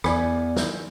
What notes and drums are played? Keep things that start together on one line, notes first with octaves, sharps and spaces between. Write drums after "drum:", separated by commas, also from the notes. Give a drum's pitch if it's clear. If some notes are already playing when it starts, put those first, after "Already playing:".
E2 D5 G#5 B5, drum: rim click
drum: snare